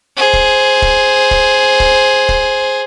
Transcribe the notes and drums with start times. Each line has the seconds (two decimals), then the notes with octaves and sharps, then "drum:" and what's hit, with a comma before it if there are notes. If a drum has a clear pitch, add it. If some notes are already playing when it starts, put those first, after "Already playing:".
0.17 G#4 C5
0.33 drum: kick
0.82 drum: kick
1.31 drum: kick
1.80 drum: kick
2.29 drum: kick